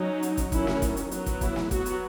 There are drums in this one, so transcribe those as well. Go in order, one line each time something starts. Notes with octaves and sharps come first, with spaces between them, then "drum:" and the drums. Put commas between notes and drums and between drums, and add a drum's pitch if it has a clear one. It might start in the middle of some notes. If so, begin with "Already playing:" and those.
Already playing: F#3 C#4 D#4
drum: hi-hat
drum: kick, hi-hat
D#3 F#3 C#4 E4, drum: kick, hi-hat
drum: snare
drum: kick, hi-hat
drum: hi-hat
F#3 B3, drum: hi-hat
drum: kick, hi-hat
E4, drum: kick, hi-hat
drum: snare
F#3 B3 F#4, drum: kick, hi-hat
drum: hi-hat